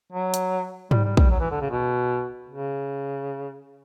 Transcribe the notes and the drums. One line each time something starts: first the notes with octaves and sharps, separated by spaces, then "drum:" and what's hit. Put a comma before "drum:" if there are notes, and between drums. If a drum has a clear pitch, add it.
F#3
drum: hi-hat
G3, drum: tom G#2
G3
G3, drum: kick A#1
F#3
E3
D3
C#3
B2
C#3